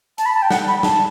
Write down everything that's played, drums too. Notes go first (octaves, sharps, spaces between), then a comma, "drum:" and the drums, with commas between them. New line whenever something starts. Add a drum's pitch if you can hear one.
A5, drum: hi-hat
B5
A5
G5
F#5, drum: snare
B5
A5, drum: snare